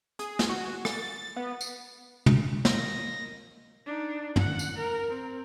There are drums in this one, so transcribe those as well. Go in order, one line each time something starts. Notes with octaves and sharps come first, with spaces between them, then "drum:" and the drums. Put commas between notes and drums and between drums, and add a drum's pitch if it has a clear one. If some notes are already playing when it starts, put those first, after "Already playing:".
G#4, drum: hi-hat
drum: snare
F#4
A6, drum: rim click
B3
drum: tambourine
drum: tom
A#3 D#5 A#6, drum: snare
D4 D#4
F#5, drum: tom
drum: tambourine
A#4
C4